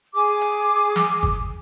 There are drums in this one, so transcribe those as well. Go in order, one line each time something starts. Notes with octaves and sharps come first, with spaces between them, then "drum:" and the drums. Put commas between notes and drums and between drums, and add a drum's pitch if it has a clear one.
G#4 G#5 D6
drum: hi-hat
drum: snare
drum: kick